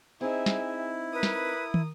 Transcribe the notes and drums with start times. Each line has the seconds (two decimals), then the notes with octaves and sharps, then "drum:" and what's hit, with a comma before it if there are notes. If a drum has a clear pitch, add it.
0.21 C4 D#4 E4 G#4 E5
0.46 drum: snare
1.13 A#4 B4 D#6
1.23 drum: snare
1.74 drum: tom